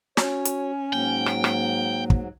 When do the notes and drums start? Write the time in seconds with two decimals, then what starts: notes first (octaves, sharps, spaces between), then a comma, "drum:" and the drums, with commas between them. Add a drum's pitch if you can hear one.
0.17 C#4 F#4 C#5, drum: snare
0.45 drum: hi-hat
0.93 G#2 F#3 A#3 G5
1.26 drum: rim click
1.44 drum: rim click
2.10 drum: kick